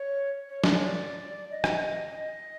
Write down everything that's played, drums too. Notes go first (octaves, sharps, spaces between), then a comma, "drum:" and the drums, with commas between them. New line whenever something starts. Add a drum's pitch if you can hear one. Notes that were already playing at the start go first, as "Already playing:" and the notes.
Already playing: C#5
C#5
D#5, drum: snare
D5
C#5
D5
D#5
drum: rim click
D#5